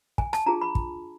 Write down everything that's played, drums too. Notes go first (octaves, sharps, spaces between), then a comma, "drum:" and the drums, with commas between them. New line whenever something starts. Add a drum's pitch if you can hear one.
G#5, drum: kick
A5, drum: rim click
D4 F4 G#4 A#5
B5
drum: kick